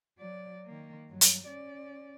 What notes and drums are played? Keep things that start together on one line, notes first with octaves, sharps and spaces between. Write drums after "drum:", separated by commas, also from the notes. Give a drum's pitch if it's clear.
F#3 D5
D#3 A#3
G2 F#3
drum: hi-hat
C#4 D5